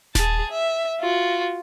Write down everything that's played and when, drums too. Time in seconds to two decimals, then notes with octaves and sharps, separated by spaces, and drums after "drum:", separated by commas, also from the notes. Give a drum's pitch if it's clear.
0.15 G#4 A5, drum: snare D#1
0.51 E5
1.00 F4 F#4